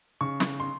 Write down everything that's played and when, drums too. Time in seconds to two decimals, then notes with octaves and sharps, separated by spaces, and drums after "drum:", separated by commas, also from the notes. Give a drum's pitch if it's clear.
0.21 C#3 C#6
0.40 drum: snare
0.60 C6